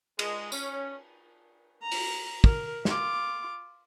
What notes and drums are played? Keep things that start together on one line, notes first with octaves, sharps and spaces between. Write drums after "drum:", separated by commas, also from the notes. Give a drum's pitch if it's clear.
G#3, drum: cymbal
C#4, drum: tambourine
A#5
drum: open hi-hat
A#4, drum: kick
F4 D6, drum: snare